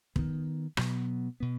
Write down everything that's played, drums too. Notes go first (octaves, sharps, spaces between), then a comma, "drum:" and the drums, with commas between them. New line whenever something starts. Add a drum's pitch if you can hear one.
D#3 B3, drum: kick
B2 F#3 B3, drum: rim click
B2 B3